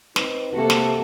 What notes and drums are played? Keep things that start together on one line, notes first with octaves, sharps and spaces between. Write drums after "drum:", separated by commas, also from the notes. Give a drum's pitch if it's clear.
C4 D#4 B4, drum: snare
C3 A#3 F#4 A4
drum: snare